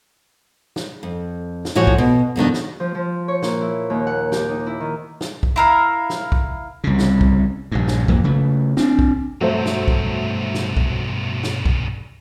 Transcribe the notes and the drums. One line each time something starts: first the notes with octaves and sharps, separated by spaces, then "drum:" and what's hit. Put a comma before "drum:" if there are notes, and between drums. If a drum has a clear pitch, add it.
drum: snare
F2
drum: snare
A2 E3 F3 F#4 C#5
drum: kick
B2
F2 B2 D#3 D4
drum: snare
F3
F3
C#5
A#2, drum: snare
E4
D#2
F#5
G4, drum: snare
D#4
E4
D#3
drum: snare
drum: kick
E4 A#4 F5
drum: snare
drum: kick
C2 C#3
drum: snare
drum: kick
A#1 G2
drum: snare
F2 F#3 A#3, drum: kick
C#3 A3
C4 D4, drum: snare
drum: kick
B1 G2 F#3 A3 C5
drum: snare
drum: kick
drum: snare
drum: kick
drum: snare
drum: kick